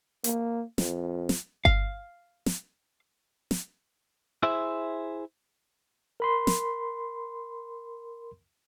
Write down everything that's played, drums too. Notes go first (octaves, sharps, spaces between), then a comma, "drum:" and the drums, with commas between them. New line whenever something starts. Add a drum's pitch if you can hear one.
A#3, drum: hi-hat
F2, drum: snare
drum: snare
F5, drum: kick G1
drum: snare
drum: snare
E4 G#4 C5 E5
A#4 B5 C6
drum: snare